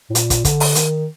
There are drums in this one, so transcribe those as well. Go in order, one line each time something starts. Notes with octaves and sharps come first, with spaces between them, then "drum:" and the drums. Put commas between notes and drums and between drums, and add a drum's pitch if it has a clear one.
A2
A#2, drum: hi-hat
drum: kick, hi-hat
D3, drum: kick, hi-hat
drum: open hi-hat
D#3, drum: hi-hat